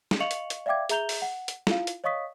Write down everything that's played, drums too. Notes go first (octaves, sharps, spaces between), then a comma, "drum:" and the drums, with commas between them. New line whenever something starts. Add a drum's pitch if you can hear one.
drum: snare
D#5 F5 C#6 C#7 F7 F#7
drum: hi-hat
drum: hi-hat
D5 E5 F5 G5 D6 G#6
G#4 E5 A#5 G6 F7 G7, drum: hi-hat
drum: open hi-hat
F#5
drum: hi-hat
E4 F4 F5, drum: snare
drum: hi-hat
C#5 D#5 F5 C#6 D#6 B6